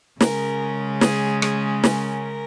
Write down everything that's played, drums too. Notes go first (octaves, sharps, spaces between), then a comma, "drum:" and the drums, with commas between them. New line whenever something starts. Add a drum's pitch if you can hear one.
C#3 G#3 C#4 A#4, drum: snare
G#4, drum: snare
G#4, drum: rim click
A#4, drum: snare